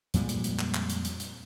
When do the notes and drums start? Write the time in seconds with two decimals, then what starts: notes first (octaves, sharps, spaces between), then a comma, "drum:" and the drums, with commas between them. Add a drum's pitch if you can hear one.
0.14 F2 A#2 G3 G#3, drum: hi-hat
0.29 drum: hi-hat
0.44 drum: hi-hat
0.59 drum: clap
0.74 drum: clap
0.90 drum: hi-hat
1.05 drum: hi-hat
1.20 drum: hi-hat